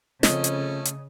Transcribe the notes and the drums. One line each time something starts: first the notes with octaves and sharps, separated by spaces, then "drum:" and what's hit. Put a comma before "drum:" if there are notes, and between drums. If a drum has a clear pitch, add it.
C#3 F3 A3 C4 C#4 D#5, drum: snare
drum: hi-hat
drum: hi-hat